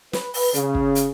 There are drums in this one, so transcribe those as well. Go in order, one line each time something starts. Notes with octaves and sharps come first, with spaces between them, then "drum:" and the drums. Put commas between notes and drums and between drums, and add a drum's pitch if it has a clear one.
B4, drum: snare
drum: open hi-hat
C#3, drum: hi-hat
drum: kick
drum: hi-hat